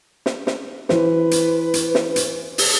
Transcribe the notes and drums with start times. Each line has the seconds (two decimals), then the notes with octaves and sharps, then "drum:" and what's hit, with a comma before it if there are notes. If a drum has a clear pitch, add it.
0.26 drum: snare
0.47 drum: snare
0.89 E3 B4 C5, drum: snare
1.31 drum: hi-hat
1.74 drum: hi-hat
1.95 drum: snare
2.16 drum: hi-hat
2.58 drum: open hi-hat